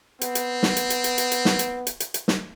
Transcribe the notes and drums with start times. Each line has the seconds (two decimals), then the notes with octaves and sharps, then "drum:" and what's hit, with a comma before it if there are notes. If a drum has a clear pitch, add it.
0.21 B3 C4, drum: hi-hat
0.35 drum: hi-hat
0.63 drum: snare
0.76 drum: hi-hat
0.90 drum: hi-hat
1.04 drum: hi-hat
1.18 drum: hi-hat
1.32 drum: hi-hat
1.45 drum: snare
1.59 drum: hi-hat
1.87 drum: hi-hat
2.00 drum: hi-hat
2.14 drum: hi-hat
2.28 drum: snare